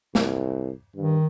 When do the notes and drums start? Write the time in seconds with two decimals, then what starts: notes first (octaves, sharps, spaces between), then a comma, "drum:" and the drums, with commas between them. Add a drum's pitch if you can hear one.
0.15 C2, drum: snare
0.96 G2 D#3